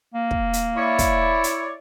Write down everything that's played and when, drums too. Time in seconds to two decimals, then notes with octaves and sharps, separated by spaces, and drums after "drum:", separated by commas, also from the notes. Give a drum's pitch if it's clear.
0.14 A#3
0.31 drum: kick
0.53 drum: hi-hat
0.76 E4 C#5 D5
0.99 drum: kick, hi-hat
1.44 drum: hi-hat